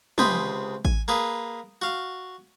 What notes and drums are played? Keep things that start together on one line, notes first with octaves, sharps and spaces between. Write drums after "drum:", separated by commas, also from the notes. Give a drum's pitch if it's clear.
C#2 C3 C4 G#4 C5 B5, drum: tom
G#5, drum: kick A1
A#3 G#4 B4
F#4 F5